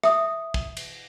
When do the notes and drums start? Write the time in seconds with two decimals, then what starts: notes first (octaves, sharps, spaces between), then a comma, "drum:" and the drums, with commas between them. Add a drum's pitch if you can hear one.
0.03 E5 D#6, drum: rim click
0.54 drum: kick
0.77 drum: cymbal